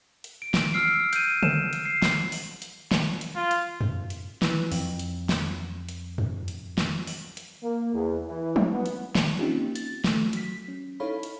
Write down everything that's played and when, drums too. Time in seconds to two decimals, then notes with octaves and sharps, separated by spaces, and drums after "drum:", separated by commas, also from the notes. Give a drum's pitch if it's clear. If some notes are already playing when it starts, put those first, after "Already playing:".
0.24 drum: hi-hat
0.42 D7
0.54 drum: snare
0.73 E6 F6 C7 D7
1.13 G6 D#7, drum: hi-hat
1.43 E7, drum: tom
1.73 drum: hi-hat
1.85 C7
2.02 drum: snare
2.32 drum: open hi-hat
2.62 drum: hi-hat
2.92 drum: snare
3.21 drum: hi-hat
3.36 F4
3.51 drum: hi-hat
3.81 drum: tom F2
4.10 drum: hi-hat
4.42 E3, drum: snare
4.72 F2, drum: open hi-hat
4.99 drum: hi-hat
5.29 drum: snare
5.89 drum: hi-hat
6.18 drum: tom F2
6.48 drum: hi-hat
6.78 drum: snare
7.07 drum: open hi-hat
7.37 drum: hi-hat
7.62 A#3
7.93 E2
8.27 E3
8.56 drum: tom
8.73 B3
8.86 drum: hi-hat
9.15 drum: snare
9.39 A#3 C4 C#4 D#4 F4 G4
9.75 A6, drum: hi-hat
10.04 A3, drum: snare
10.33 F#3 B6, drum: hi-hat
10.68 C#4
11.00 D#4 E4 A4 C#5 F5 B5
11.23 drum: hi-hat